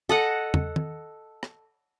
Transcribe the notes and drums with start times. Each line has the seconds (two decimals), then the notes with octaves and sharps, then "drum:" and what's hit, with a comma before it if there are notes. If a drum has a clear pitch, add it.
0.09 A4 D#5 F#5
0.54 drum: tom
0.76 drum: tom
1.43 drum: rim click